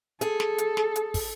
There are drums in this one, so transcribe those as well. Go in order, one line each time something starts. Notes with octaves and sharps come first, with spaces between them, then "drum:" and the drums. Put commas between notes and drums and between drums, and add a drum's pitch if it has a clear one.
G#4 A4, drum: hi-hat
drum: snare
drum: hi-hat
drum: snare
drum: hi-hat
drum: kick, open hi-hat